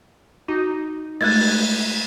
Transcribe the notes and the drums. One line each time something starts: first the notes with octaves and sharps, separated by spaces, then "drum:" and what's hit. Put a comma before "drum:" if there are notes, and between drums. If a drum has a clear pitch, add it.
D#4 F#4
G#3 A3 F#6 G#6 A6, drum: cymbal
drum: cymbal